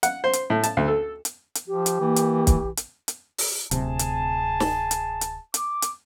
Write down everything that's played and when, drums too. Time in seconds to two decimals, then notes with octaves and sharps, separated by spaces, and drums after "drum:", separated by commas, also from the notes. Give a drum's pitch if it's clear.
0.03 F#5, drum: hi-hat
0.24 C5
0.33 drum: hi-hat
0.50 A2
0.63 A5, drum: hi-hat
0.77 D2
0.88 A4
1.25 drum: hi-hat
1.55 drum: hi-hat
1.68 F3 G4
1.86 drum: hi-hat
2.00 E3 A#3
2.16 drum: hi-hat
2.47 drum: kick, hi-hat
2.77 drum: hi-hat
3.08 drum: hi-hat
3.38 drum: open hi-hat
3.71 D1 C3 G#4 A5, drum: hi-hat
3.99 drum: hi-hat
4.60 drum: snare
4.91 drum: hi-hat
5.21 drum: hi-hat
5.54 D6, drum: hi-hat
5.82 drum: hi-hat